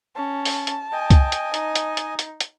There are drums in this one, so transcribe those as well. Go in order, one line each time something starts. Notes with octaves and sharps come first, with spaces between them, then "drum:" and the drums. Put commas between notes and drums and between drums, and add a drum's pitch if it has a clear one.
C#4 A5
drum: open hi-hat
drum: hi-hat
D#5 G5 G#5
drum: kick C2, hi-hat
drum: hi-hat
D#4, drum: hi-hat
drum: hi-hat
drum: hi-hat
drum: hi-hat
drum: hi-hat